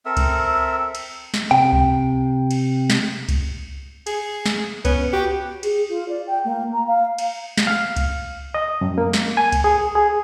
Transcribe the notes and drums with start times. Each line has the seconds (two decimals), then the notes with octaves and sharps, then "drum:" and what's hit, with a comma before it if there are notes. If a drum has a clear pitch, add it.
0.06 C4 A4 A#4 E5
0.17 drum: kick C2, cymbal
0.95 drum: cymbal
1.34 drum: snare
1.51 C3 G5
1.73 drum: kick C2
2.51 drum: cymbal
2.90 drum: snare
3.29 drum: kick C2, cymbal
4.07 G#4, drum: cymbal
4.46 drum: snare
4.85 B3 C#4, drum: kick C2, cymbal
5.13 F#4 G4
5.63 G#4, drum: cymbal
5.89 F4
6.09 D5
6.27 G5
6.45 A#3
6.73 A#5
6.88 F5
7.19 drum: cymbal
7.57 drum: snare
7.67 F5
7.96 drum: kick C2, cymbal
8.54 D#5
8.81 F#2
8.98 A#3
9.13 drum: snare
9.37 G#5
9.52 drum: kick C2, cymbal
9.64 G#4
9.95 G#4